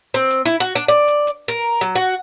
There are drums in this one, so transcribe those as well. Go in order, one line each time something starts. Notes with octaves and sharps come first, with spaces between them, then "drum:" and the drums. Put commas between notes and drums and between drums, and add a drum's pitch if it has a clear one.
C4
drum: hi-hat
E4
F#4
D4
D5
drum: hi-hat
drum: hi-hat
A#4, drum: hi-hat
F#3
F#4